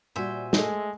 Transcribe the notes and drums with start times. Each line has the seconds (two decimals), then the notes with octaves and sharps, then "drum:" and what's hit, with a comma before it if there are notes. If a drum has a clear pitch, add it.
0.16 A#2 G3 F#4 C5 E5 G#5
0.53 G#3 A3, drum: snare